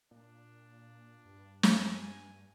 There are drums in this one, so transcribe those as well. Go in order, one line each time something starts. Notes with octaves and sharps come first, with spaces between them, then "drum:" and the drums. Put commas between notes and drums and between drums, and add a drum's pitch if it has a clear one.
A#2 D4
G2
G#5, drum: snare